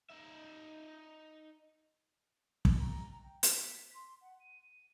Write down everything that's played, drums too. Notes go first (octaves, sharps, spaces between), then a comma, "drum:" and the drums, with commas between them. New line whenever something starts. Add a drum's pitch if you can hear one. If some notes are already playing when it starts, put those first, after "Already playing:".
D#4 E5
A6, drum: kick
A#5
A#5
G5
B6, drum: hi-hat
C6
F#5
D#7